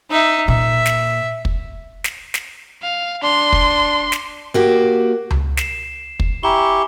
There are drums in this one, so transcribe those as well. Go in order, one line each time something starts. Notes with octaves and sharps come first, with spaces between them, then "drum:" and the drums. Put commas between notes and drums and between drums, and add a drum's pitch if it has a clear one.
D#4 E5
A#2 E5
drum: snare
drum: kick
drum: snare
drum: snare
F5
D4 C6
drum: kick
drum: snare
A#3 F#4 G4
drum: tom C#2
C7 E7, drum: snare
drum: kick
E4 G4 G#5 A#5 C#6 G7